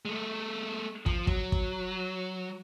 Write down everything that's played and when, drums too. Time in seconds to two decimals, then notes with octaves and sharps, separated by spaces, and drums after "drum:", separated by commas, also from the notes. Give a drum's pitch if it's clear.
0.05 G#3 A3
1.06 F3, drum: kick
1.27 F#3, drum: kick
1.52 drum: kick